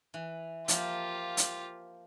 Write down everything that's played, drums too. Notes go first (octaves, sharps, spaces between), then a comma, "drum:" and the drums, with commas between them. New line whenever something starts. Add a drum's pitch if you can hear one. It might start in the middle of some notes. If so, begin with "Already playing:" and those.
E3
F3 A#3 F4 G4, drum: hi-hat
drum: hi-hat